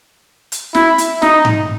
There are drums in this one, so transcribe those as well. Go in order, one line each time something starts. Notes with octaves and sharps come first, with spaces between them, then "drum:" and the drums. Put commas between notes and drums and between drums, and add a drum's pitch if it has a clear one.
drum: hi-hat
E4, drum: snare
drum: hi-hat
D#4, drum: snare
drum: tom G#2